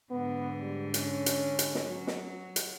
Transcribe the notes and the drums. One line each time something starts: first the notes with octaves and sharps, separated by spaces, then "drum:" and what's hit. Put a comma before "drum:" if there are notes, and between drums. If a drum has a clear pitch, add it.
G#2 D3 B3
G3
C#4, drum: hi-hat
drum: hi-hat
drum: hi-hat
drum: snare
F#3
drum: snare
drum: hi-hat